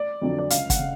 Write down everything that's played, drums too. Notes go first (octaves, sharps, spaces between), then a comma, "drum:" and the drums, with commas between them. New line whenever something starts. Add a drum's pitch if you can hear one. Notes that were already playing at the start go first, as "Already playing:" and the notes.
Already playing: D5
F2 D3 F#3
D5
C#2 F5, drum: hi-hat
F#5, drum: kick, hi-hat
C#3